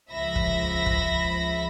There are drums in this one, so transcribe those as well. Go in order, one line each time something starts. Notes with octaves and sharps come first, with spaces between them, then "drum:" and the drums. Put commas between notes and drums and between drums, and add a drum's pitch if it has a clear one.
C#2 F3 E5 B5 A#6
drum: kick
drum: kick